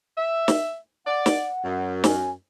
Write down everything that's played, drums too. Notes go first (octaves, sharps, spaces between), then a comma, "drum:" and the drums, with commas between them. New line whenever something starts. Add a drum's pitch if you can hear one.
E5
drum: snare
D5 F#5
drum: snare
F#2
G#5, drum: snare